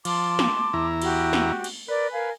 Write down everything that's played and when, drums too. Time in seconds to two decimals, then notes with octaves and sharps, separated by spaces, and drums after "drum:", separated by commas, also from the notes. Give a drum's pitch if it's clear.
0.05 F3 A5 C6 D6, drum: cymbal
0.39 drum: snare
0.73 E2 E4 A#5
1.02 F#4 G4, drum: cymbal
1.33 drum: snare
1.64 drum: cymbal
1.89 A#4 B4 D5
2.13 A#4 F5 G#5